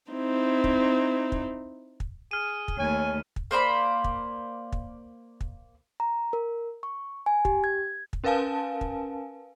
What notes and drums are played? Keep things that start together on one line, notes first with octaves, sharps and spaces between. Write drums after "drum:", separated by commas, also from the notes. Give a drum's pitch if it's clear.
C4 D#4 E4
drum: kick
drum: kick
drum: kick
G#4 F6 D#7
drum: kick
D#2 A3 C#5 G#5
drum: kick
A#3 C5 D5 B5
drum: kick
drum: kick
drum: kick
A#5
A#4
C#6
G#5
G4, drum: kick
G#6
drum: kick
C#4 A#4 B4 F5 G#5 A5
drum: kick